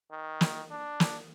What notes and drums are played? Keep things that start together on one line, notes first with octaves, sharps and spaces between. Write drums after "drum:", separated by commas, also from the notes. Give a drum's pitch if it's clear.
D#3
drum: snare
D4
drum: snare